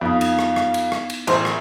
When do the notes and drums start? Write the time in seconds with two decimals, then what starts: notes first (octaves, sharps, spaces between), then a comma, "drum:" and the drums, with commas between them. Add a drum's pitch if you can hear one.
0.01 F2 B3 D#4 F5 D#6
0.21 drum: cymbal
0.39 drum: rim click
0.56 drum: rim click
0.74 drum: cymbal
0.92 drum: rim click
1.10 drum: cymbal
1.27 A1 D#3 G#4 C5, drum: cymbal
1.45 drum: rim click